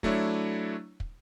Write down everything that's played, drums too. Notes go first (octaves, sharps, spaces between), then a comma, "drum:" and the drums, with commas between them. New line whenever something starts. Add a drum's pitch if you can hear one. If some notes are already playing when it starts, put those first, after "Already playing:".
F#3 A3 D4 E4 C#5, drum: kick
drum: kick